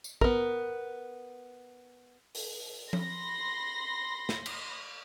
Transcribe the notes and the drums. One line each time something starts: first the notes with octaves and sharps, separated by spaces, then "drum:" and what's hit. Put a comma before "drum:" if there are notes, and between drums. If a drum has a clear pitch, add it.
drum: tambourine
B3 A#4, drum: kick
drum: open hi-hat
B5 C6 A#6, drum: tom F3
drum: snare
drum: cymbal